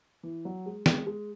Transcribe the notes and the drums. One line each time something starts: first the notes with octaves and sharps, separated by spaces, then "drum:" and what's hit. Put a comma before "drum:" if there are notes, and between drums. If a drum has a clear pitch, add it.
E3
F#3
G#3
G#3, drum: snare
G#3